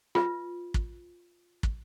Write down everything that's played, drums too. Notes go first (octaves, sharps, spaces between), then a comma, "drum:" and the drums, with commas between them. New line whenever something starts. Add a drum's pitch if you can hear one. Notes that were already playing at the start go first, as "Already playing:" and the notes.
F4 B4 E5, drum: rim click
drum: kick
drum: kick